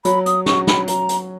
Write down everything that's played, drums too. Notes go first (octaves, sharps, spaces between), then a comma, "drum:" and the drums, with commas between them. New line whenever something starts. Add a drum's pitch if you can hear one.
F#3 B5, drum: hi-hat
D#6, drum: hi-hat
C#4 F#4 C#6, drum: snare
B5, drum: snare
F#3 A#5, drum: hi-hat
drum: hi-hat